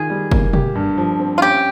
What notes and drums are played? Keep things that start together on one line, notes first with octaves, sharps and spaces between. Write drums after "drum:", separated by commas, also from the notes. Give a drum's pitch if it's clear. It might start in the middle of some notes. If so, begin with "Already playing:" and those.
Already playing: D#3 F4 G#4
G3
A#3, drum: kick
G4, drum: tom
G2
F3
C4
F4
C#4 G4